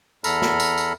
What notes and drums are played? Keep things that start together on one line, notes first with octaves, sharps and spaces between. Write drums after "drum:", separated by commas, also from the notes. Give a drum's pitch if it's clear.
E2 A4 A#5 B5 F6, drum: tambourine
drum: snare
drum: tambourine
drum: tambourine